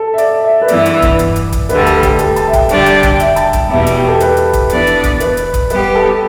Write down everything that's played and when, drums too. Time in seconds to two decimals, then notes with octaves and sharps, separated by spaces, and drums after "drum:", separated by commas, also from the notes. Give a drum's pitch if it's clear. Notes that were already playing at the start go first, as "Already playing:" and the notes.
Already playing: A4
0.14 E5
0.18 D5, drum: hi-hat
0.44 E5
0.62 B4
0.68 G2 E3 B3 D5, drum: hi-hat
0.86 drum: hi-hat
1.02 drum: kick, hi-hat
1.19 drum: hi-hat
1.36 drum: hi-hat
1.52 drum: kick, hi-hat
1.69 D2 D3 G3 B4, drum: hi-hat
1.86 A4, drum: hi-hat
2.03 G4, drum: kick, hi-hat
2.19 A4, drum: hi-hat
2.36 A5, drum: hi-hat
2.48 E5
2.53 G5, drum: kick, hi-hat
2.69 D3 G3 D4 G4 D5, drum: hi-hat
2.86 drum: hi-hat
3.03 drum: kick, hi-hat
3.12 G5
3.20 E5, drum: hi-hat
3.36 A5, drum: hi-hat
3.53 drum: kick, hi-hat
3.69 E2 B2 G3 B3 E5
3.87 drum: hi-hat
3.96 G4
4.08 A4
4.20 B4, drum: hi-hat
4.37 drum: hi-hat
4.53 drum: kick, hi-hat
4.70 E3 B3 D4 B4 D5, drum: hi-hat
4.87 drum: hi-hat
5.04 drum: kick, hi-hat
5.20 B4, drum: hi-hat
5.37 drum: hi-hat
5.54 drum: kick, hi-hat
5.70 G3 B3 G4 B4, drum: hi-hat
5.95 A4